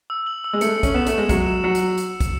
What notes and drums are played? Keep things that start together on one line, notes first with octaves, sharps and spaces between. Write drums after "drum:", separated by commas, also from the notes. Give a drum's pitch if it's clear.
E6
F#7
E6
G#3
A3 C#7, drum: hi-hat
C#7
C#4, drum: kick, hi-hat
B3 E7
A3, drum: hi-hat
E7
G#3
F#3 C#7, drum: kick, hi-hat
E7
F#3 C#7
drum: hi-hat
drum: hi-hat
drum: kick, hi-hat